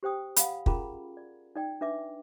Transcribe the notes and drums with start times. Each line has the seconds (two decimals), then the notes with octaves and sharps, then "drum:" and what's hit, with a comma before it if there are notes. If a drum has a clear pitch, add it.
0.03 G4 C5 G5 D#6
0.36 F5 F#5 B5, drum: hi-hat
0.66 C#4 F4 G#4 A#4 A#5 B5, drum: kick
1.17 D5
1.56 D#4 D5 G5
1.81 D4 B4 E5 D6